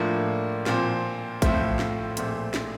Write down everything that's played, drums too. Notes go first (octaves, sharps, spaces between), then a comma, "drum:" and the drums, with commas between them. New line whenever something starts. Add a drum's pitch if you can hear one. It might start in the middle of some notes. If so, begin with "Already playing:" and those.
Already playing: A2 F3 A#3 D4
A#2 F3 C4, drum: snare
A2 F3 A3 C4 F4, drum: kick A1, hi-hat
drum: snare
A#1 A#2 A3 C4, drum: hi-hat
drum: snare